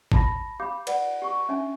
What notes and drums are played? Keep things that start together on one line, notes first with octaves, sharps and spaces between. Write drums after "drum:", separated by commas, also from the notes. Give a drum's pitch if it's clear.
A5 B5 A#6, drum: kick G#1
G4 F5 B5 D6 G6
B4 D5 F#5, drum: cymbal
G4 C#6
C#4 D4 E5 G#5